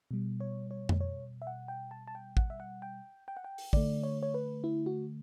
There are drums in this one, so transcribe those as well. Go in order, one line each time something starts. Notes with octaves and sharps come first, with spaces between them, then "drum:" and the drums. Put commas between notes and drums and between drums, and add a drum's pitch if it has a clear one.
B2 G3
C#5
C#5
drum: tom F2
C#5
E5
F#5
G5
A5
A5
G5
F#5, drum: kick
E5
F#5
G5
G5
F#5
G5
drum: open hi-hat
D3 A3 D5, drum: kick
C#5
C#5
B4
E4
F#4